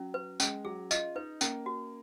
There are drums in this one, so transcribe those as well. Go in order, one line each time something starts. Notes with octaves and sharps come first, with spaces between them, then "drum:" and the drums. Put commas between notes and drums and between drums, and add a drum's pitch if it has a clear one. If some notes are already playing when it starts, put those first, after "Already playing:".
Already playing: F#3 C#4
B4
G#3 C#4, drum: tambourine
F#3 G#4
F4 D#5, drum: tambourine
D#4 B4
A#3 C#4, drum: tambourine
F#4